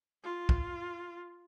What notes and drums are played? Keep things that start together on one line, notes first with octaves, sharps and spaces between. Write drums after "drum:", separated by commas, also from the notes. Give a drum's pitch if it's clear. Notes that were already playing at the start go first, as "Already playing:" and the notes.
F4
drum: kick